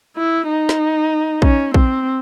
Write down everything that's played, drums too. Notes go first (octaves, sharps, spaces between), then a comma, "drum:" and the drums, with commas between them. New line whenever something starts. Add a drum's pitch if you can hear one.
E4
D#4
drum: snare
C#4, drum: kick A#1
C4, drum: kick A#1